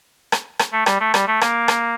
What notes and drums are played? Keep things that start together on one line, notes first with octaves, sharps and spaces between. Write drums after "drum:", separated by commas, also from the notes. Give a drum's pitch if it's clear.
drum: rim click
drum: rim click
A3
G3, drum: rim click
A3
G3, drum: rim click
A3
A#3, drum: rim click
drum: rim click